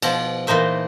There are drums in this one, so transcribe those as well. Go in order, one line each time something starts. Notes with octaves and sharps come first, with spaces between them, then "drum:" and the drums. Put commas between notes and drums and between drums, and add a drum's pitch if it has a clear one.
B2 F3, drum: cymbal
A#2 E3 D#4 C5 E5